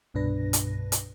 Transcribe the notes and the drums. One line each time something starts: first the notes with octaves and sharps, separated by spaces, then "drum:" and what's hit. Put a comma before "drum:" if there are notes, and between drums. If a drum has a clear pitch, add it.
C2 G2 B2 D4 B4 A#6
drum: hi-hat
drum: hi-hat